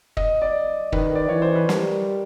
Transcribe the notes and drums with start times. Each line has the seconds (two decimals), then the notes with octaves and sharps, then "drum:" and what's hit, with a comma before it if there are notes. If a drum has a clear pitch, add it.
0.17 D#5, drum: kick
0.42 D5
0.92 D#3 B4, drum: kick
1.15 D5
1.29 E3 C#5
1.42 C5
1.55 B4
1.69 G3 A#4, drum: snare